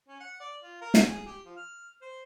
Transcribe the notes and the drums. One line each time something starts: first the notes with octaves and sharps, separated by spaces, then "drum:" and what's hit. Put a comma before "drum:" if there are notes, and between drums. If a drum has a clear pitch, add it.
C#4
F#5
D5
F4
A#4
drum: snare
G#4
G4
F3
F6
C5